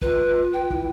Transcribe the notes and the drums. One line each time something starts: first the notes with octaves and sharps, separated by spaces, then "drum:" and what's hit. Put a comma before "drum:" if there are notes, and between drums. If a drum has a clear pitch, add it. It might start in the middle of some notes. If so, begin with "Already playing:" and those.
F4 B4, drum: kick
G5
E4, drum: kick